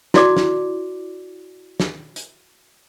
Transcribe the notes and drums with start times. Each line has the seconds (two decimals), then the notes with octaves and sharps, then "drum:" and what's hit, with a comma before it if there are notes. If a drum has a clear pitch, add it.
0.14 E4 F#4 D5 D6, drum: snare
0.37 drum: snare
1.80 drum: snare
2.16 drum: hi-hat